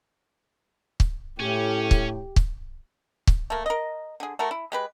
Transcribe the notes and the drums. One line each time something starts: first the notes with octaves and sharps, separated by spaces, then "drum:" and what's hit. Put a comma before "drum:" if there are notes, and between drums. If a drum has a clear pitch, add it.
drum: kick
A2 C#4 G4
drum: kick
drum: kick
drum: kick
A3 A#3
A#4 D#5
D3 G#4
A3 F#4 A#4
E4
G#3 G4 B4